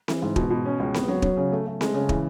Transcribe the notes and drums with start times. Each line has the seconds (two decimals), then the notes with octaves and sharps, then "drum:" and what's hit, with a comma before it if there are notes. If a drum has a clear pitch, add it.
0.08 E3, drum: snare C4
0.22 G#2
0.36 B2, drum: kick
0.50 B2
0.65 C#4
0.80 C#2
0.94 B3, drum: snare C4
1.08 F#3
1.22 F#3, drum: kick
1.37 C#3
1.52 A3
1.66 A3
1.81 G#3, drum: snare C4
1.94 C#3
2.09 E3, drum: kick